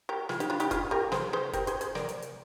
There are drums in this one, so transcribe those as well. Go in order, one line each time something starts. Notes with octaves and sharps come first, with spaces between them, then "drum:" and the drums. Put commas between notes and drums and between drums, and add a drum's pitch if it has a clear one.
G4 A#4
F4 G#4, drum: snare
D#4 G4, drum: hi-hat
D4 F4
D#4 G4, drum: hi-hat
F4 G#4, drum: kick, hi-hat
G4 A#4
G#4 C5, drum: snare
G#4 C5
G4 A#4, drum: kick, hi-hat
G#4 C5, drum: hi-hat
G#4 C5, drum: hi-hat
A#4 D5, drum: snare
drum: hi-hat
drum: hi-hat